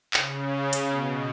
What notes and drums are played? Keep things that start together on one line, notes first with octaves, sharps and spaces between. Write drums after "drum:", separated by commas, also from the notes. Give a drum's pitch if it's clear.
C#3, drum: clap
drum: hi-hat
B2